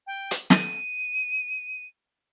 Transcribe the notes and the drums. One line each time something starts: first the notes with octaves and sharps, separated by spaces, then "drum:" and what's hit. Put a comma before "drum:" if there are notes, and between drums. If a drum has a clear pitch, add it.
G5
drum: hi-hat
D#7, drum: snare